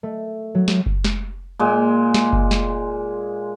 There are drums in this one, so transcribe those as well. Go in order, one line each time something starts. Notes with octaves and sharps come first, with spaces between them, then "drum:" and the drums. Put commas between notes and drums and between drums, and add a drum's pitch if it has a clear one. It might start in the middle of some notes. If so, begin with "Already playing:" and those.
A3
F#3
drum: snare
drum: kick F#1
drum: snare
A#2 G#3
drum: snare
drum: kick F#1
drum: snare